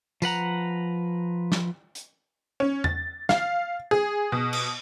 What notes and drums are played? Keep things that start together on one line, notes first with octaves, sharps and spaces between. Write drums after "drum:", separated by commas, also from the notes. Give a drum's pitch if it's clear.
F3 B4 F#5 A#5, drum: tambourine
drum: snare
drum: hi-hat
C#4
A6, drum: tom
F5, drum: snare
G#4
B2
drum: cymbal